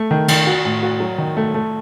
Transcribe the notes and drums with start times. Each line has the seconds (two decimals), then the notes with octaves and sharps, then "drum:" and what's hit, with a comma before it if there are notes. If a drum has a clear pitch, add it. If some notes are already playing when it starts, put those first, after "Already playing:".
Already playing: A3
0.11 D#3
0.28 D#3, drum: cymbal
0.47 F#4
0.65 A2
0.83 F#4
1.00 F#3
1.18 D#3
1.37 A3
1.54 A3